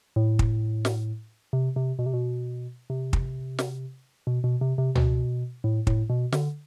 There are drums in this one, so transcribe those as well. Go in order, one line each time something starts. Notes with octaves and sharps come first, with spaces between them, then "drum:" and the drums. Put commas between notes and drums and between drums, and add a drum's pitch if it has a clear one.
A2
drum: kick
drum: snare
C3
C3
B2
C3
B2
C3
drum: kick
drum: snare
B2
B2
C3
C3
B2, drum: tom
A2
A2, drum: kick
B2
D3, drum: snare